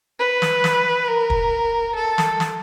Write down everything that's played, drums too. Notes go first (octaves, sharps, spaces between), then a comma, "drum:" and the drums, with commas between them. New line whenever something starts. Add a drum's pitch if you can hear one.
B4
drum: snare
drum: snare
A#4
drum: kick
A4
drum: snare
drum: snare